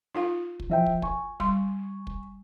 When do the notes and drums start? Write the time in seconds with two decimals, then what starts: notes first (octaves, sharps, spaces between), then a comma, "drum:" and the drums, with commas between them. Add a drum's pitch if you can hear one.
0.15 D#4 F4 F5
0.60 drum: kick
0.69 F3 E5 G5
0.86 drum: kick
1.02 G#5 C#6, drum: kick
1.40 G3 C6, drum: kick
2.07 drum: kick